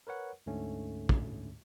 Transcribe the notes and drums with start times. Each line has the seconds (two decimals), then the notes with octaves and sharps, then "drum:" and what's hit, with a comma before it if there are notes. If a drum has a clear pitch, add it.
0.07 A#4 B4 C#5 F#5
0.46 D2 G#2 D3 A3 C#4
1.09 drum: kick